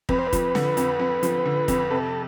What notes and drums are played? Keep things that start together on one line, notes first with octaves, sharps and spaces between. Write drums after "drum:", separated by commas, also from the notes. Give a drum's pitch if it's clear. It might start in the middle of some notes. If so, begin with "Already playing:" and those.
F2 B4, drum: kick
C5
B4
F3, drum: kick, hi-hat
D3, drum: snare
F2, drum: hi-hat
F2
F3, drum: hi-hat
D3
F2, drum: kick, hi-hat
C3 A4